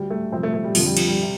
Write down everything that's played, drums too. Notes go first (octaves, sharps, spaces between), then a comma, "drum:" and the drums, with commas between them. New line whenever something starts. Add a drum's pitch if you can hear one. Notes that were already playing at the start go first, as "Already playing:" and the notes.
Already playing: D2 D3 G3
A3
F1 F2 C3 C4
A3
A3
G3
F1 F2 D3 F3, drum: open hi-hat
G3
F3, drum: cymbal
G3
C3